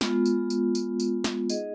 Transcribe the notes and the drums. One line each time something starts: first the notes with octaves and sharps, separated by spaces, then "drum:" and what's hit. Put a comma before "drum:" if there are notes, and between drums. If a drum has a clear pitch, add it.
G#3 B3 F4, drum: snare
drum: tambourine
drum: tambourine
drum: tambourine
drum: tambourine
drum: snare
D#4 G#4 D#5 F#5, drum: tambourine